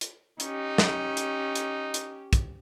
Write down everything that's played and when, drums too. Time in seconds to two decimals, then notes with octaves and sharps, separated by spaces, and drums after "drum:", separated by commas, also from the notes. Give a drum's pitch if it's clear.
0.01 drum: hi-hat
0.40 C#4 D#4 G4, drum: hi-hat
0.78 drum: snare
1.17 drum: hi-hat
1.55 drum: hi-hat
1.94 drum: hi-hat
2.33 drum: kick, hi-hat